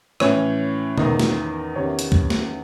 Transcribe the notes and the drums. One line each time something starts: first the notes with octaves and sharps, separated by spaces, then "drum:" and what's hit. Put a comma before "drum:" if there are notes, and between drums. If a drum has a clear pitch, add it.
A2 E3 C#4 C#5, drum: rim click
E2 D#3 D#4 D#5, drum: tom B2
drum: snare
E2 C3 D#3 C#4 C#5
drum: hi-hat
drum: kick C#2
drum: snare